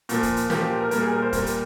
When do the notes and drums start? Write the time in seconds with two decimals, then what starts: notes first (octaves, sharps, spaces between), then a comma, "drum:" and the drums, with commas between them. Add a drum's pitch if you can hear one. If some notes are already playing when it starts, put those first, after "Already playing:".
0.09 A#2 F3 A#3, drum: hi-hat
0.23 drum: kick, hi-hat
0.36 drum: hi-hat
0.50 A#2 F3 A#3 G4, drum: snare
0.60 G4
0.81 A#4
0.91 A#2 G3 A#3 A#4, drum: hi-hat
1.02 G#4
1.12 A#4
1.22 C5
1.33 A#2 G3 A#3 A#4, drum: kick, hi-hat
1.46 drum: hi-hat